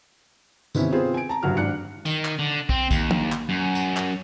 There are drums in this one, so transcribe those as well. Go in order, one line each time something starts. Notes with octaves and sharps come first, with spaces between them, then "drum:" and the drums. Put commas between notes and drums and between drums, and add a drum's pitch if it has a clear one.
C3 D#3 B3 C#4 E4, drum: tambourine
B3 C4 F4 G#4 C5
G#5 D7
A5 A#5
F#1 G2 F#3 F#4 F6
G#1 D4 F#6 C#7
D#3, drum: tambourine
drum: clap
D3
C4, drum: kick
D#2, drum: kick, tambourine
drum: tom
drum: clap
F#2
drum: tambourine
drum: clap